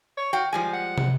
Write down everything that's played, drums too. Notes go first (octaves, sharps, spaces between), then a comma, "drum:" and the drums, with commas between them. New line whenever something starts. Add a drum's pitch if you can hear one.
C#5
F#4 F5 G5
F3 G3 G#3 G#5
F#5
drum: tom